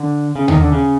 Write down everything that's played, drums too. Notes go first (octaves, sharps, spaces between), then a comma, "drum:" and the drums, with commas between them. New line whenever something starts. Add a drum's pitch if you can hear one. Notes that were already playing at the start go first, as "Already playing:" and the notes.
Already playing: D3
C#3
D#3, drum: tom D#2
D3
C#3